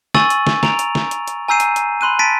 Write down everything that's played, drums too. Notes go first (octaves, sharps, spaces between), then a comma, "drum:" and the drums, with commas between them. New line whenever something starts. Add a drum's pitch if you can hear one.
G#5 C#6 E6 A6 D#7 F#7, drum: snare
drum: hi-hat
drum: snare
A#5 D7 F7, drum: snare
drum: hi-hat
drum: snare
drum: hi-hat
drum: hi-hat
G#5 A#5 E6 G6 C7 D#7
drum: hi-hat
drum: hi-hat
B5 C6 F#6 D#7
A5 A6 B6 D7 D#7